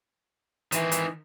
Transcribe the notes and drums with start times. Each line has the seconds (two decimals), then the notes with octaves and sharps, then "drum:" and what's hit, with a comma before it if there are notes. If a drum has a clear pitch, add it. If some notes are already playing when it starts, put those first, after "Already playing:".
0.72 D#3 E3 C4, drum: hi-hat
0.92 drum: hi-hat